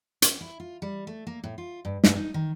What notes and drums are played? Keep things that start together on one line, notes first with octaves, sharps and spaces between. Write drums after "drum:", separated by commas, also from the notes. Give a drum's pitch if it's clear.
C#4, drum: hi-hat
E4
F4
G3
A3
A#3
A2
F4
G2
G2, drum: snare
D#4
D#3